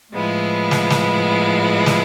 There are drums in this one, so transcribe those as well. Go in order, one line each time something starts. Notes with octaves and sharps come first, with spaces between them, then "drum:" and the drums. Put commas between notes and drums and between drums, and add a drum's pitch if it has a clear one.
A2 F3 G#3 B3 E4
drum: snare
drum: snare
drum: snare